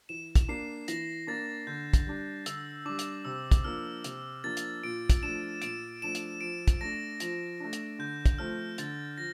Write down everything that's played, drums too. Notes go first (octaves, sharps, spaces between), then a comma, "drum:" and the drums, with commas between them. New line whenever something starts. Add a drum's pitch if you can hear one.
E3 E7
drum: kick, hi-hat
A#3 D4 C7
E3 A#6, drum: hi-hat
A#3 D4 A6
D3 G6
drum: kick, hi-hat
G3 D4
D3 E6, drum: hi-hat
G3 D4 D6
drum: hi-hat
C3 E6
drum: kick, hi-hat
F3 A#3 D4 F6
C3, drum: hi-hat
F3 A#3 D4 A6
drum: hi-hat
A#2 D7
drum: kick, hi-hat
F3 A3 D4 E7
A#2 D7, drum: hi-hat
F3 A3 D4 E7
drum: hi-hat
F3 D7
drum: kick, hi-hat
A3 D4 A#6
F3, drum: hi-hat
A3 D4
drum: hi-hat
D3 G6
drum: kick, hi-hat
F3 A3 C4 F6
D3 A6, drum: hi-hat
F3 A#6